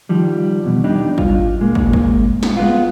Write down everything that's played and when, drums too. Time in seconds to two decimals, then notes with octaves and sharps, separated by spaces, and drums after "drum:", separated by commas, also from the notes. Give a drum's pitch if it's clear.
0.09 D#3 F3 G3
0.64 E2 B2
0.84 G3 D4 D#4
1.18 F4, drum: kick
1.60 A#2 G#3 A#3
1.75 drum: kick
1.93 drum: kick
2.43 drum: snare
2.57 G#3 B3 F4